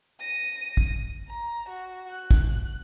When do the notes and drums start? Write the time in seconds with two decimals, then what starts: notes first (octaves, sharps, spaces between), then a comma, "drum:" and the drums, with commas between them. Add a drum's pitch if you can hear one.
0.20 A#6 D#7
0.77 drum: kick
1.28 A#5
1.69 F#4
2.10 F#6
2.31 drum: kick